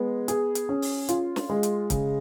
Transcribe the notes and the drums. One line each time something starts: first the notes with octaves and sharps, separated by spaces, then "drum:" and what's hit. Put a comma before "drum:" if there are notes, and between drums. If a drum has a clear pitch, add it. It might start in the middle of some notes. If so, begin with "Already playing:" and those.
Already playing: G#3 B3
G#4, drum: hi-hat
drum: hi-hat
C#4
drum: open hi-hat
F4, drum: hi-hat
drum: snare
G#3
drum: hi-hat
C#3, drum: kick C#1, hi-hat